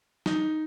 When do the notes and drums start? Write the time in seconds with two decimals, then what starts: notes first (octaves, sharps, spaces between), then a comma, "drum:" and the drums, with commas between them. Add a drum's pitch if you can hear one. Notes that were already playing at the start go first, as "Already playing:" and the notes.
0.26 D#4, drum: snare